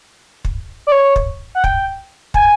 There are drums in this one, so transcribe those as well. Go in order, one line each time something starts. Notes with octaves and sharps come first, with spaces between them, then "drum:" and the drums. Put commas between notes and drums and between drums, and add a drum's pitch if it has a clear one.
drum: kick
D5
C#5
drum: kick
F#5
G5, drum: kick
G#5, drum: kick